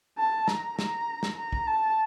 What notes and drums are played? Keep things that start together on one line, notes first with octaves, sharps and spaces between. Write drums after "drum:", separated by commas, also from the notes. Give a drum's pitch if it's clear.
A5
A#5, drum: snare
A#5, drum: snare
drum: snare
A#5
drum: kick
A5